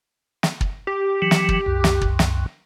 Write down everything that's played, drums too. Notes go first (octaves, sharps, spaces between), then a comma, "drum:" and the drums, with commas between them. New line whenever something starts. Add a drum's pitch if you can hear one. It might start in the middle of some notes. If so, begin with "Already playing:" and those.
drum: snare
drum: kick
G4
E3 F#3
drum: snare
drum: kick
C2 F#2
drum: snare
drum: kick
drum: snare